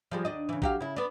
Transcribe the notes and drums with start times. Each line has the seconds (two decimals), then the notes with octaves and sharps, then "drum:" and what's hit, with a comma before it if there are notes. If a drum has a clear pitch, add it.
0.11 F3 G3 G#3
0.25 D#2 D4 D#5
0.49 C#3 E3
0.62 F#3 G4 F5, drum: kick A1
0.80 C#3 E4
0.96 B3 D4